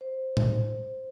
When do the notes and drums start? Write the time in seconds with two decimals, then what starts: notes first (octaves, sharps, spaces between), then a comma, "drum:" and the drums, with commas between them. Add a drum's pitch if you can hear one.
0.01 C5
0.37 drum: tom A2